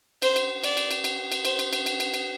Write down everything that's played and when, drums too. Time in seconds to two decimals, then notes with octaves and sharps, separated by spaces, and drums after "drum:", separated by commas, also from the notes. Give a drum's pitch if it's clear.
0.22 C5, drum: cymbal
0.36 drum: cymbal
0.64 D5, drum: cymbal
0.77 drum: cymbal
0.91 drum: cymbal
1.04 drum: cymbal
1.32 drum: cymbal
1.45 C5, drum: cymbal
1.59 drum: cymbal
1.73 drum: cymbal
1.86 drum: cymbal
2.00 drum: cymbal
2.14 drum: cymbal